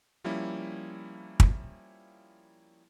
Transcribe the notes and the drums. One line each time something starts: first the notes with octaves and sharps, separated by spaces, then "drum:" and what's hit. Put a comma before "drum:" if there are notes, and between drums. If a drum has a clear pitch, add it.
F3 G3 A#3 C#4 E4
drum: kick